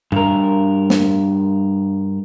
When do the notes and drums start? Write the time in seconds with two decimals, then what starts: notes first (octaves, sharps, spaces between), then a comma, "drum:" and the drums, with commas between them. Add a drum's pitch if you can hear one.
0.12 G2 A#4, drum: tom G2
0.90 drum: snare